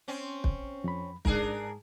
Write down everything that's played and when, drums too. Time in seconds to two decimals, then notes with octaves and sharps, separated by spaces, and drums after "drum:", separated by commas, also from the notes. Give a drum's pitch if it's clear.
0.08 C4 C#4
0.44 drum: kick
0.84 F2 B5
1.25 G#2 D4 G#4 A#4, drum: kick